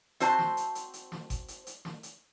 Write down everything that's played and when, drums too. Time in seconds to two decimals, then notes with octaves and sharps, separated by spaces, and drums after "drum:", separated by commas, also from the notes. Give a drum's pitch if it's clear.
0.20 C4 F#4 C5 A5, drum: hi-hat
0.39 drum: snare
0.57 drum: hi-hat
0.75 drum: hi-hat
0.93 drum: hi-hat
1.12 drum: snare
1.30 drum: kick G1, hi-hat
1.48 drum: hi-hat
1.67 drum: hi-hat
1.85 drum: snare
2.03 drum: hi-hat